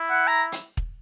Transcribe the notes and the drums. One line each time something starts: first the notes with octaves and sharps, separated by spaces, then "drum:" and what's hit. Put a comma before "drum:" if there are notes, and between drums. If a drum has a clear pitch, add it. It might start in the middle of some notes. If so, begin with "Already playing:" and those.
Already playing: E4
F#5
A#5
drum: hi-hat
drum: kick